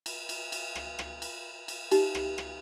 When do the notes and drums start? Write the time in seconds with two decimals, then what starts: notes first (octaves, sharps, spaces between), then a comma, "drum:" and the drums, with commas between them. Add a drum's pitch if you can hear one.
0.06 drum: cymbal
0.29 drum: cymbal
0.52 drum: cymbal
0.75 drum: rim click
0.99 drum: rim click
1.22 drum: cymbal
1.68 drum: cymbal
1.91 D#4 G4, drum: cymbal
2.15 drum: rim click
2.38 drum: rim click